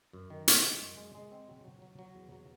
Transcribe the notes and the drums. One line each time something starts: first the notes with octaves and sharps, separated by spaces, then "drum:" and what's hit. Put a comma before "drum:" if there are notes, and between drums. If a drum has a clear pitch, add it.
F#2
D#3
G#3, drum: hi-hat
G#3
F#2
G#3
G#3
C4
F#3
F#3
F#3
F#3
E2
F#3